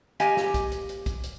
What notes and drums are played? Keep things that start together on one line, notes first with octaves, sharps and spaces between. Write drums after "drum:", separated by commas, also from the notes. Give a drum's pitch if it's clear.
A#3 G4 D#5 G#5, drum: hi-hat
drum: snare
drum: kick, hi-hat
drum: hi-hat
drum: hi-hat
drum: kick, hi-hat
drum: hi-hat